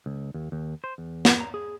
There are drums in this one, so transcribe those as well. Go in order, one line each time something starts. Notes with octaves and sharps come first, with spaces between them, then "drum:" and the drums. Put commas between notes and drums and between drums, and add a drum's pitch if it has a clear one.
C#2
D#2
D#2
C5
E2
drum: snare
A#5
G#4